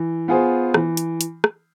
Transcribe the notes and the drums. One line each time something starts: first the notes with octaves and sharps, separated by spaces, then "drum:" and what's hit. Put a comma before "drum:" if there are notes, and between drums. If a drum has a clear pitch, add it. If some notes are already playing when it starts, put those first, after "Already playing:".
Already playing: E3
B3 F4 G#4 C5
E3, drum: rim click
drum: hi-hat
drum: hi-hat
drum: rim click